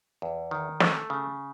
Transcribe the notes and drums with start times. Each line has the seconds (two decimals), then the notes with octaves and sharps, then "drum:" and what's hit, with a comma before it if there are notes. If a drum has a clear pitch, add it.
0.22 E2
0.51 D#3
0.80 A3, drum: snare
1.10 C#3